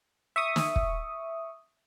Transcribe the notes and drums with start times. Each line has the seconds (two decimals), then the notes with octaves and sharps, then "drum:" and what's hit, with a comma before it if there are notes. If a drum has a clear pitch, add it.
0.36 E5 C#6 D#6
0.56 drum: snare
0.76 drum: kick